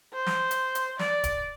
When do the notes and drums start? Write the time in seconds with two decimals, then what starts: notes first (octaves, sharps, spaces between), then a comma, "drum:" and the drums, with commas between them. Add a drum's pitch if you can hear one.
0.13 C5
0.26 drum: snare
0.51 drum: hi-hat
0.75 drum: hi-hat
0.99 D5, drum: snare
1.24 drum: kick, hi-hat